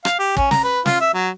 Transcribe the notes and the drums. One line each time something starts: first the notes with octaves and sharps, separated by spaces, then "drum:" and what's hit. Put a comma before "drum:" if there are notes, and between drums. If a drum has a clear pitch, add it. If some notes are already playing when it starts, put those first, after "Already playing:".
F5, drum: rim click
G4
C#4, drum: kick
A#5, drum: snare
B4
F4, drum: snare
E5
F#3